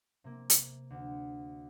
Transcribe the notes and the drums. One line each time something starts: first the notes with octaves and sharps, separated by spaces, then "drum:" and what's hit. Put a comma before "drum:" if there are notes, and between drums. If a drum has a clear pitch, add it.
C3 A#3
drum: hi-hat
D2